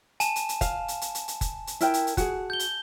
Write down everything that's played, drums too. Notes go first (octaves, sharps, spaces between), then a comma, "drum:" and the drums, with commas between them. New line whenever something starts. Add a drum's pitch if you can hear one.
G#5 A5 E7, drum: hi-hat
drum: hi-hat
drum: hi-hat
F5, drum: kick F1, hi-hat
drum: hi-hat
drum: hi-hat
drum: hi-hat
drum: hi-hat
drum: kick F1, hi-hat
drum: hi-hat
E4 A#4 G5, drum: hi-hat
drum: hi-hat
drum: hi-hat
F#4 G#4, drum: kick F1, hi-hat
G6 G7
drum: hi-hat